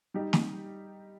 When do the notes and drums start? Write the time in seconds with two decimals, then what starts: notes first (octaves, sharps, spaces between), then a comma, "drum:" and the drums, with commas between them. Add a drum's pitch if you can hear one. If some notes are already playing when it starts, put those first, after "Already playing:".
0.14 G3 D#4 G4
0.33 drum: snare